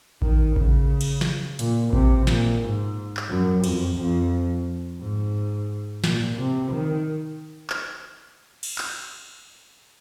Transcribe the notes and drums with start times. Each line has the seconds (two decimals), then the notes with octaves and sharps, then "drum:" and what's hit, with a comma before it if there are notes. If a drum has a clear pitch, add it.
0.22 D#3, drum: kick A1
0.56 C#3, drum: kick A1
1.01 drum: cymbal
1.21 drum: snare
1.59 A#2, drum: hi-hat
1.93 C3, drum: kick A1
2.27 A#2, drum: snare
2.61 G#2
3.17 drum: clap
3.30 F#2
3.64 F2, drum: cymbal
3.98 F2
5.01 G#2
6.04 A#2, drum: snare
6.38 C3
6.72 D#3
7.70 drum: clap
8.63 drum: cymbal
8.78 drum: clap